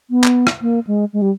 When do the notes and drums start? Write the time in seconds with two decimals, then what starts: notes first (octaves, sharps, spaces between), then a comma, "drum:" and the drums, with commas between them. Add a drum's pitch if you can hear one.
0.10 B3
0.24 drum: clap
0.47 drum: rim click
0.62 A#3
0.87 G#3
1.13 G#3
1.22 G3